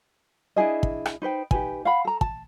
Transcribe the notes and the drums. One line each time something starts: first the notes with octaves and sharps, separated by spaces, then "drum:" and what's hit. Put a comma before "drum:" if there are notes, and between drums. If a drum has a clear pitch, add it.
D4 E4 G#4 D#5
drum: kick
drum: rim click
D#4 B4 C5 G5
D#4 G4 B4 G#5, drum: kick
F5 F#5 B5
A4 A#5
A5, drum: kick